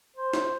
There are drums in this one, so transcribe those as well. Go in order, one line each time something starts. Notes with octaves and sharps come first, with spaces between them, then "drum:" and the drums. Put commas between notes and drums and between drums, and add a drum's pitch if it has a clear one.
C5
drum: snare